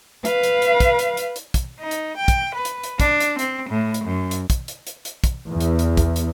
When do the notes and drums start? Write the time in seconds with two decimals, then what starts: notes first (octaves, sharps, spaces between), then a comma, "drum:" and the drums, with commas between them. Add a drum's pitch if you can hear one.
0.25 B4 F5, drum: hi-hat
0.43 drum: hi-hat
0.62 drum: hi-hat
0.80 drum: kick, hi-hat
0.99 drum: hi-hat
1.17 drum: hi-hat
1.36 drum: hi-hat
1.54 drum: kick, hi-hat
1.80 D#4
1.91 drum: hi-hat
2.17 G5
2.28 drum: kick, hi-hat
2.55 B4
2.65 drum: hi-hat
2.84 drum: hi-hat
3.00 D4, drum: kick, hi-hat
3.20 drum: hi-hat
3.39 C4, drum: hi-hat
3.70 A2
3.94 drum: hi-hat
4.05 F#2
4.31 drum: hi-hat
4.50 drum: kick, hi-hat
4.68 drum: hi-hat
4.87 drum: hi-hat
5.05 drum: hi-hat
5.24 drum: kick, hi-hat
5.50 E2
5.60 drum: hi-hat
5.79 drum: hi-hat
5.97 drum: kick, hi-hat
6.16 drum: hi-hat